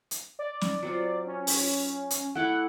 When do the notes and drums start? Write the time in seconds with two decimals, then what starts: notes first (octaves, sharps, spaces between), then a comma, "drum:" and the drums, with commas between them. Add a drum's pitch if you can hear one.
0.11 drum: hi-hat
0.39 D5
0.61 drum: snare
0.83 F#3 C4 F4
1.27 C#4
1.47 drum: open hi-hat
2.10 drum: hi-hat
2.35 A3 E4 F#5 D6